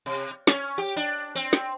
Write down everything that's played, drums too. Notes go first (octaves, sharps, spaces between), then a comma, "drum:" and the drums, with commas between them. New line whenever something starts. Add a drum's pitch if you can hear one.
C3
C#4, drum: snare
G4
D4
C4, drum: tambourine
drum: snare